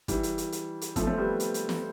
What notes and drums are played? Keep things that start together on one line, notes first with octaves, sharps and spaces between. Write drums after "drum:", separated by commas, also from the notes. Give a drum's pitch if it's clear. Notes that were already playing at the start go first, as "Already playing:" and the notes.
E3 G3, drum: kick, hi-hat
drum: hi-hat
drum: hi-hat
drum: hi-hat
drum: hi-hat
F3 A3, drum: kick, hi-hat
A3 C4
G3 B3
drum: hi-hat
drum: hi-hat
drum: snare